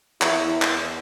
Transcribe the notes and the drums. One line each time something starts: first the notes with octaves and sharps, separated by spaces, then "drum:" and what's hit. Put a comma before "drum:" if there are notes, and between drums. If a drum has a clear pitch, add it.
E2 E3 E4, drum: clap
drum: clap